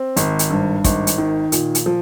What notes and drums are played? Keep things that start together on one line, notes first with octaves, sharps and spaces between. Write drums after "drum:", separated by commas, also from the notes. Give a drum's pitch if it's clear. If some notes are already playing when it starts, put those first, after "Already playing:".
Already playing: C4
G#1, drum: hi-hat
drum: hi-hat
G2
G#1, drum: kick, hi-hat
drum: hi-hat
D#3
A#2, drum: hi-hat
drum: hi-hat
F3